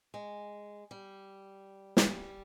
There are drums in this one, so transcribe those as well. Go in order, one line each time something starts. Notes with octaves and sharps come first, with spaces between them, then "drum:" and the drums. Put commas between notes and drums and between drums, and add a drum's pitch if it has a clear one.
G#3
G3
G#3, drum: snare
G3